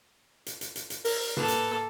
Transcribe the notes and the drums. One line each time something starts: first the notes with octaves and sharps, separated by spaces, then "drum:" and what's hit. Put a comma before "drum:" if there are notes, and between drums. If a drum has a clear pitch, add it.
drum: hi-hat
drum: hi-hat
drum: hi-hat
drum: hi-hat
A#4, drum: open hi-hat
A#3 A4 B4, drum: tom
drum: hi-hat